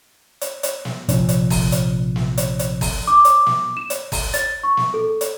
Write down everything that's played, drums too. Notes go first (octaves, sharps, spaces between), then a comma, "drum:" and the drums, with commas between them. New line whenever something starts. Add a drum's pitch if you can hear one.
drum: hi-hat
drum: hi-hat
drum: snare
A#1 C3 F3, drum: hi-hat
drum: hi-hat
drum: kick G1, open hi-hat
drum: hi-hat
drum: snare
drum: hi-hat
drum: hi-hat
drum: kick G1, open hi-hat
D6
drum: hi-hat
drum: snare
E7
drum: hi-hat
drum: kick G1, open hi-hat
A6, drum: hi-hat
C#6
drum: snare
A4
drum: hi-hat